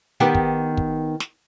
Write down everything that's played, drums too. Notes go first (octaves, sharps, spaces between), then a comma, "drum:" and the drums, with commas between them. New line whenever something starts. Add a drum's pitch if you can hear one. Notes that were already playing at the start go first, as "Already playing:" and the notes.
D#3 B3 G4
drum: kick
drum: kick
drum: snare